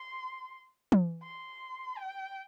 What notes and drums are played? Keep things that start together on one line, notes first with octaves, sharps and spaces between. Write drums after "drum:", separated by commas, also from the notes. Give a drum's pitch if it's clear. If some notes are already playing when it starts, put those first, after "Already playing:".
Already playing: C6
drum: tom
C6
G5